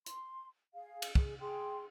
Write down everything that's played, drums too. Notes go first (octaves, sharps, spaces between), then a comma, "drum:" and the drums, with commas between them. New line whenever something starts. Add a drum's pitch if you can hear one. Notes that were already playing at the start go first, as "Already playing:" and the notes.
C6, drum: hi-hat
G#4 F5
drum: cymbal
G#4, drum: kick
G#4 G5 C6